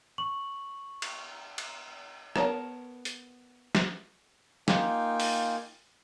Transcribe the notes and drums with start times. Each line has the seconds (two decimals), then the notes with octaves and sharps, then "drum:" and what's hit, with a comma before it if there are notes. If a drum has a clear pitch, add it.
0.18 C#6 F#7
1.02 drum: cymbal
1.58 drum: cymbal
2.36 B3 A#4 C5 C#5 A5, drum: rim click
3.05 drum: hi-hat
3.75 drum: snare
4.68 A#3 D#4 F4 F5 G5 G#5, drum: snare
5.20 drum: open hi-hat